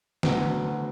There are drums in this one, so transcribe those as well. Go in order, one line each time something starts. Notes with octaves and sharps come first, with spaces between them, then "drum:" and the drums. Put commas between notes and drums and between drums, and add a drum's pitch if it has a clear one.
D2 D3 F#3 B3, drum: snare